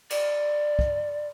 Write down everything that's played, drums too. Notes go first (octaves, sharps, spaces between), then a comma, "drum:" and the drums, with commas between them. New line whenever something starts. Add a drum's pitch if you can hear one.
D5, drum: cymbal
drum: kick